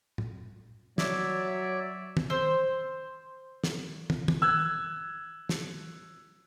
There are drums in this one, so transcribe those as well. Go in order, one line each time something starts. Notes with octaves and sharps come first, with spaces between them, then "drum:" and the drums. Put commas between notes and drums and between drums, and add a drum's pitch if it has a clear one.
drum: tom
F#3 C#5 D5 E5, drum: snare
drum: tom
C5 E6
drum: snare
drum: tom
drum: tom
E6 F#6 G#6
drum: snare